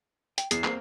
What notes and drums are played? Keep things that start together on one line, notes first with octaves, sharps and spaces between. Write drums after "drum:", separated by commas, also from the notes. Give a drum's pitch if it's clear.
G5, drum: hi-hat
E2 G#4 C7, drum: hi-hat
A#3 C4 A#4, drum: clap